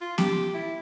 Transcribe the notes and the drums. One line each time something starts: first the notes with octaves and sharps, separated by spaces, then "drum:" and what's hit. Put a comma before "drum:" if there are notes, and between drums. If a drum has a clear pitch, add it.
F4
G4, drum: snare B3
E4